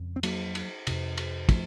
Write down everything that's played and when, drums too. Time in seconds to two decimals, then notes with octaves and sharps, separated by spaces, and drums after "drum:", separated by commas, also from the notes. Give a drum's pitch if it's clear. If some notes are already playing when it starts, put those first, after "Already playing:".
Already playing: F2 C#3
0.16 C4
0.23 F#3 A#3, drum: cymbal
0.55 drum: cymbal
0.87 F2 C3, drum: cymbal
1.18 drum: cymbal
1.49 F3 A3, drum: kick, cymbal